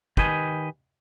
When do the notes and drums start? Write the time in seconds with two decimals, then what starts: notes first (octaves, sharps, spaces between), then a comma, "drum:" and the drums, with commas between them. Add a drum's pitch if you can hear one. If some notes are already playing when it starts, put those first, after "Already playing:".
0.17 D#3 G4 B4 D#5 G#5, drum: kick